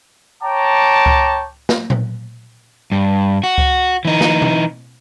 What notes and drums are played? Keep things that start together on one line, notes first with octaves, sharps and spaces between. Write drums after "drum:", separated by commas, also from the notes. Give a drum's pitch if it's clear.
C#5 G5 A5 A#5 D6
drum: kick C#2
drum: snare
drum: tom A#2
G2
F#4
drum: kick C#2
E3 D#4
drum: snare
drum: tom